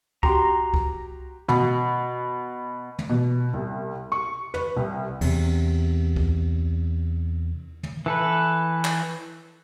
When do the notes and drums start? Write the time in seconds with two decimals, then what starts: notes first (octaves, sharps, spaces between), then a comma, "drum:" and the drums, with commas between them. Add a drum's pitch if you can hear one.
0.23 F#4 G4 A#5 C6, drum: kick C2
0.74 drum: kick C2
1.48 B2, drum: tom
2.99 drum: tom
3.09 B2
3.54 C2
4.12 C#6
4.54 B4, drum: tom
4.76 C2
5.21 E2 C3, drum: cymbal
6.16 drum: kick C2
7.83 drum: tom
8.06 E3 A4 B4
8.85 drum: clap